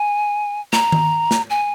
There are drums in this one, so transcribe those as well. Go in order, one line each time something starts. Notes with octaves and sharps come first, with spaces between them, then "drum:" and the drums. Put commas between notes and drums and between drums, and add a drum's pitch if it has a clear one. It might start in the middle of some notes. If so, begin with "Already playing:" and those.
Already playing: G#5
A#5, drum: snare
drum: tom D#3
drum: snare
G#5